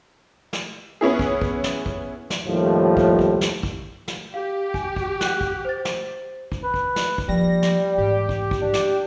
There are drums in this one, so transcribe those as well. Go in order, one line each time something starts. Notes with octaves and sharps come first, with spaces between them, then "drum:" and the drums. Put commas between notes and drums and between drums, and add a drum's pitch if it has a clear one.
drum: snare
B3 C#4 E4 G#4
drum: kick
drum: kick
drum: snare
drum: kick
drum: snare
D#2 A2 F3 G3
drum: kick
drum: kick
drum: snare
drum: kick
drum: snare
G4 F5
G#5, drum: kick
drum: kick
F#5 F#6, drum: snare
drum: kick
C5 A6
drum: snare
drum: kick
B4
drum: kick
drum: snare
drum: kick
F3 G3 A#3 A#6
drum: snare
G#2 E3 G4
drum: kick
drum: kick
D4
drum: snare